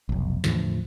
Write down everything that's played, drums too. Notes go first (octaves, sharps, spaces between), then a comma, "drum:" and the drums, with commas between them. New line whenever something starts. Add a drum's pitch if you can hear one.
F1 B1
E2 A2 D3 F3, drum: snare